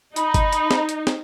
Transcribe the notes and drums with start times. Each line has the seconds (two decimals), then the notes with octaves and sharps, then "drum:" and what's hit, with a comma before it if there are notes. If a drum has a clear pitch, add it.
0.16 D#4 B5, drum: hi-hat
0.34 drum: kick G1, hi-hat
0.53 drum: hi-hat
0.71 drum: snare
0.89 drum: hi-hat
1.07 drum: snare